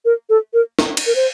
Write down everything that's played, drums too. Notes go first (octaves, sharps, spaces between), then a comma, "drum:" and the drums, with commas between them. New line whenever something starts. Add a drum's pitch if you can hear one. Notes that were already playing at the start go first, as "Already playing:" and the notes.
A#4
A4
A#4
drum: snare
drum: cymbal
A#4
C5